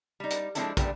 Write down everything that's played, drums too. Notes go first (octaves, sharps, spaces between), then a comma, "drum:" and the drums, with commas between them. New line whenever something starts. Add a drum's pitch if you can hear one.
G3 D#4
drum: hi-hat
F3 G#3 C4 D4 E4 A4, drum: hi-hat
A#2 D3 G3 A3 B3, drum: kick, hi-hat